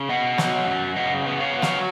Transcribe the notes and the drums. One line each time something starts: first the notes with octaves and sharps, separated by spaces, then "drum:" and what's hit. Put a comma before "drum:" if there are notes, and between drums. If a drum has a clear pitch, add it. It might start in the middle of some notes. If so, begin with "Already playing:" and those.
Already playing: C#3
B3 D#5 F#5
F#3, drum: snare
F#2
C#3 D#5 F#5
B3
C#5 F5
F#3
C#5 F5, drum: snare